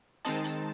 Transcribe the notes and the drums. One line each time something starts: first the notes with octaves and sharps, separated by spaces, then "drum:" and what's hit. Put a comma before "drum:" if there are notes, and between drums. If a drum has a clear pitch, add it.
D#3 G#3 C4 D#4 A5, drum: hi-hat
drum: hi-hat